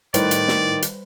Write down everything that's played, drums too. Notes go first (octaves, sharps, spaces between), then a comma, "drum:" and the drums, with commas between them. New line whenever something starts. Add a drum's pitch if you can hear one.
A2 D#3 G3 B4 C5 D5, drum: hi-hat
drum: hi-hat
drum: snare
drum: hi-hat